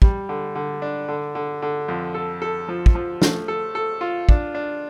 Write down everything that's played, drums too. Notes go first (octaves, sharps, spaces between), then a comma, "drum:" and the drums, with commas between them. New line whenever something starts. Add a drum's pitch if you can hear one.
G3, drum: kick
D3
D3
D4
D3
D3
D3
F2
A4
A4
F3
drum: kick
F3
A3, drum: snare
A4
A4
F4
D4, drum: kick
D4